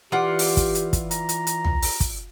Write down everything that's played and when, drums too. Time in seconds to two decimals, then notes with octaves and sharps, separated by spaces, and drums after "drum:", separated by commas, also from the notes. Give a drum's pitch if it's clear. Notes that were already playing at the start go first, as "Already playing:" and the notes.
0.12 E3 F4 G4 D5 F#5
0.39 drum: open hi-hat
0.57 drum: kick, hi-hat
0.75 drum: hi-hat
0.93 drum: kick, hi-hat
1.11 A#5, drum: hi-hat
1.29 drum: hi-hat
1.47 drum: hi-hat
1.65 drum: tom
1.82 drum: open hi-hat
2.00 drum: kick, hi-hat